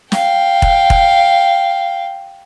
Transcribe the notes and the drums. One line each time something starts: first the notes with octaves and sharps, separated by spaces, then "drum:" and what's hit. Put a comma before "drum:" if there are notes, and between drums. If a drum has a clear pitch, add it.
F5 G5, drum: snare
drum: kick F1
drum: kick F1